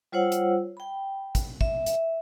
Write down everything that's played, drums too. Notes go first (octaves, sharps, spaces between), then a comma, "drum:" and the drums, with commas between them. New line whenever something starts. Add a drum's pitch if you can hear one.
G3 F4 C5 C#5 F#5 E6
drum: hi-hat
G5 B5
drum: kick, hi-hat
E5, drum: kick
drum: hi-hat